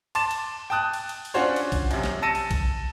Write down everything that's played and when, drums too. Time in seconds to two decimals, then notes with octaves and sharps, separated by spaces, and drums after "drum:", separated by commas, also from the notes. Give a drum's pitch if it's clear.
0.15 A5 C6 D6 A6 E7, drum: cymbal
0.31 drum: cymbal
0.70 G5 A5 D#6 F#6
0.93 drum: cymbal
1.09 drum: cymbal
1.25 drum: cymbal
1.34 C#4 D4 F4 F#4 C5 C#5
1.56 drum: cymbal
1.72 drum: kick, cymbal
1.91 F#2 C3, drum: cymbal
2.03 drum: snare
2.22 A5 E6 A#6 C#7 D#7
2.35 drum: cymbal
2.51 drum: kick, cymbal